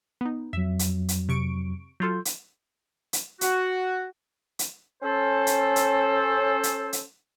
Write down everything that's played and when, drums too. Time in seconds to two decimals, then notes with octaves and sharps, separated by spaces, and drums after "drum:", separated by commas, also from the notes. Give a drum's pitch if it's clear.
0.21 B3 D#4
0.53 F2 F#3 E5
0.79 drum: hi-hat
1.09 drum: hi-hat
1.29 C3 C#6 D7
2.00 F#3 F4 A4 C6 G6
2.25 drum: hi-hat
3.13 drum: hi-hat
3.41 F#4, drum: hi-hat
4.59 drum: hi-hat
5.03 C#4 A4 C5
5.47 drum: hi-hat
5.76 drum: hi-hat
6.63 drum: hi-hat
6.93 drum: hi-hat